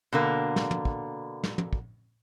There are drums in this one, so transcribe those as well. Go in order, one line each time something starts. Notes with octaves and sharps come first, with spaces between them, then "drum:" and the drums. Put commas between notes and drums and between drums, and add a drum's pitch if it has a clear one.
B2 D3 A#3
drum: snare
drum: tom
drum: kick
drum: snare
drum: tom
drum: kick